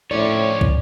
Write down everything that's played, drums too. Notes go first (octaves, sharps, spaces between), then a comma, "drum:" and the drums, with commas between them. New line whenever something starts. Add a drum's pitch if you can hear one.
A2 F3 C#4 C#5 D5
drum: kick